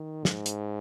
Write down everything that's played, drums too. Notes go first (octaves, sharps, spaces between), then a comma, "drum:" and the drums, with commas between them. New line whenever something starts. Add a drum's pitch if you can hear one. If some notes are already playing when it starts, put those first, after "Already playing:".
Already playing: D#3
G#2, drum: snare
drum: hi-hat